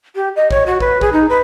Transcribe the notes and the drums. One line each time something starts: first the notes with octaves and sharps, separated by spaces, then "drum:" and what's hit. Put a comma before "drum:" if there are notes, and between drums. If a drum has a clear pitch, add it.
G4
D#5
C#5, drum: kick
F#4
B4, drum: kick
G#4, drum: kick
D#4
B4